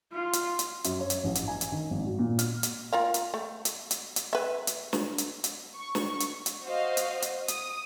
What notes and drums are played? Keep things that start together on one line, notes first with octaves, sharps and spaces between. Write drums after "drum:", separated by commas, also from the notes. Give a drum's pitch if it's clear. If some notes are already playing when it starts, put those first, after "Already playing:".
F4
drum: hi-hat
drum: hi-hat
F#2, drum: hi-hat
C#5
drum: hi-hat
A1
drum: hi-hat
G#5
drum: hi-hat
D#3
G#1
F#4
A#2
F6, drum: hi-hat
drum: hi-hat
F4 A#4 F5
drum: hi-hat
A3
drum: hi-hat
drum: hi-hat
drum: hi-hat
B4 E5
drum: hi-hat
drum: snare
drum: hi-hat
drum: hi-hat
C#6
drum: snare
drum: hi-hat
drum: hi-hat
F#4 C5 D#5 F5
drum: hi-hat
drum: hi-hat
D#6, drum: hi-hat